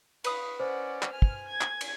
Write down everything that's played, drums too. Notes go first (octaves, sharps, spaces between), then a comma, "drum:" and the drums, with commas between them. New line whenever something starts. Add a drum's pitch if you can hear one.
B4 F5 C#6 D#6, drum: cymbal
C#4 C5 D5 F#5
drum: clap
G#5 F6
drum: kick
G#6
drum: clap
drum: cymbal